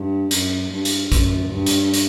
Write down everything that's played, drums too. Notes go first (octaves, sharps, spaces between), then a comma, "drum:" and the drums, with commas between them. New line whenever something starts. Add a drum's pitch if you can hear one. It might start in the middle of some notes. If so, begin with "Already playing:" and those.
Already playing: G2
F#2, drum: hi-hat
G2
drum: hi-hat
F#2, drum: kick, hi-hat
G2
drum: hi-hat
drum: hi-hat